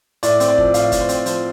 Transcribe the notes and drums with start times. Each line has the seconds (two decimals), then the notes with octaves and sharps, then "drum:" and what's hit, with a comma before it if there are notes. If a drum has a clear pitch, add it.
0.23 A2 D5, drum: hi-hat
0.40 C4, drum: hi-hat
0.49 D5
0.58 F3, drum: kick
0.74 A2 F5, drum: hi-hat
0.92 A2, drum: kick, hi-hat
1.01 C5
1.09 C4, drum: hi-hat
1.26 F3 C5, drum: hi-hat